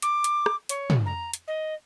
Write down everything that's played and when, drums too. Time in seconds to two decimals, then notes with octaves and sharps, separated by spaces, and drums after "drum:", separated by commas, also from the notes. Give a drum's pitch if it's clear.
0.02 D6, drum: hi-hat
0.24 drum: hi-hat
0.46 drum: rim click
0.69 C#5, drum: hi-hat
0.90 drum: tom
1.06 A#5
1.33 drum: hi-hat
1.47 D#5